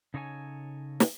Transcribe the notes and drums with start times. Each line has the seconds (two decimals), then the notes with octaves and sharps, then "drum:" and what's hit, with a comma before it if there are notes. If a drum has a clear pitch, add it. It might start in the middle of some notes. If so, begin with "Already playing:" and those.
0.14 C#3 D#4 A4 C#5 D#5 G#5
1.00 drum: snare